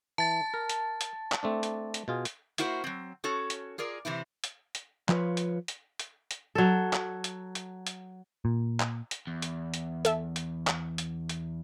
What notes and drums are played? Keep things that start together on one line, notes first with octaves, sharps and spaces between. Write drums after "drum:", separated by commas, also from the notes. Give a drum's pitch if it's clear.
E3 A5 A6
A#4
drum: hi-hat
drum: hi-hat
drum: clap
A3 C4 D4
drum: hi-hat
drum: hi-hat
B2 F4 G#4
drum: hi-hat
A#3 E4 F#4 A#4 C5, drum: hi-hat
F#3 C4
C#4 F#4 A4 C#5
drum: hi-hat
F4 G#4 A#4 D5
C3 E3 C4 E4
drum: hi-hat
drum: hi-hat
F3 F4 B4 C#5, drum: clap
drum: hi-hat
drum: hi-hat
drum: hi-hat
drum: hi-hat
F#3 A4
drum: clap
drum: hi-hat
drum: hi-hat
drum: hi-hat
A#2
drum: clap
drum: hi-hat
E2
drum: hi-hat
drum: hi-hat
A4 E5, drum: hi-hat
drum: hi-hat
drum: clap
drum: hi-hat
drum: hi-hat